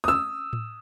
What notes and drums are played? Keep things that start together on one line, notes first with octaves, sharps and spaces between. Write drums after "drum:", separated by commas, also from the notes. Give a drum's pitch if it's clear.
D#6 E6
drum: tom A2